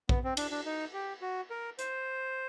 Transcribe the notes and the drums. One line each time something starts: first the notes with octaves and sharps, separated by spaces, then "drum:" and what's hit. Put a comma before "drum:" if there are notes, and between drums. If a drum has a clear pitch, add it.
B3, drum: kick A#1
C4
D4, drum: cymbal
D4
D#4
G4
F#4
A#4
C5, drum: hi-hat